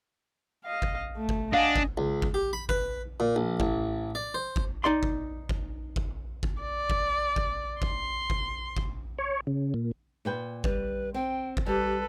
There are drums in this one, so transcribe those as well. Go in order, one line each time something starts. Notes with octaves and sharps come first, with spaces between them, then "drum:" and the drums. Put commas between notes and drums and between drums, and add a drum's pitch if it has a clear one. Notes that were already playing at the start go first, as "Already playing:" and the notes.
D#5 F5
drum: kick G1
A3
drum: kick G1
D4 D#5 F5 F#5 G#5
drum: kick G1
C#2
drum: kick G1
G4
B5
B4, drum: kick G1
A#2
A#1
A1, drum: kick G1
D5
C5
drum: kick G1
D#4 D5 C6
drum: kick G1
drum: kick G1
drum: kick G1
drum: kick G1
D5
drum: kick G1
drum: kick G1
C6, drum: kick G1
drum: kick G1
drum: kick G1
C#5
C#3
A#2
A#2 B4 G5
G3 B4, drum: kick G1
C4 G5
drum: kick G1
G3 G4 A4 B4